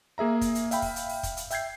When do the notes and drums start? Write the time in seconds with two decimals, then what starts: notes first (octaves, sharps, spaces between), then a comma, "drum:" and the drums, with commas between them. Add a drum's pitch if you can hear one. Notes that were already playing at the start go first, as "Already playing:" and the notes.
0.18 A#3 G#4 E5 A#5
0.41 drum: kick, hi-hat
0.55 drum: hi-hat
0.71 E5 F5 G5 B5, drum: hi-hat
0.82 drum: kick, open hi-hat
0.96 drum: hi-hat
1.10 drum: open hi-hat
1.23 drum: kick, hi-hat
1.37 drum: hi-hat
1.51 E5 G5 G6 G#6 C7, drum: hi-hat